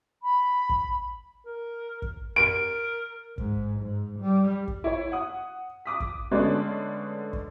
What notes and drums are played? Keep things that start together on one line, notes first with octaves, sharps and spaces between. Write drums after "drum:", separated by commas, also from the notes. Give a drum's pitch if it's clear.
B5
drum: kick
A#4
drum: kick
A#4 D7
G#2, drum: kick
G#2
G3
drum: kick
E4 C#5
F#5 D#6
D6 D#6 B6
drum: kick
D3 G#3 A3 B3 C#4 D4
drum: kick